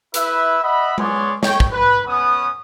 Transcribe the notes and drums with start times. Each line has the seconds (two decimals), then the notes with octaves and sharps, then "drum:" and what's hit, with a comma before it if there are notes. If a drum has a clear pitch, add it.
0.14 E4 B4 E5, drum: hi-hat
0.63 D#5 E5 F#5 B5
0.98 B3 C#4 G#4 C#5 D5 C6, drum: tom G#3
1.43 C#5 G5, drum: snare
1.60 drum: kick
1.72 B4
2.07 B3 C#4 D#6